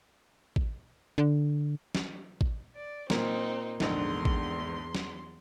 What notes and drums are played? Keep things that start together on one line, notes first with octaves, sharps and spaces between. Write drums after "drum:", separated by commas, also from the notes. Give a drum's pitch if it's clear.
drum: kick A1
D3
drum: snare
drum: kick A1
D5
A#2 C4 D#4, drum: snare
A#1 E2 G#2 D3 C6, drum: snare
drum: kick A1
drum: snare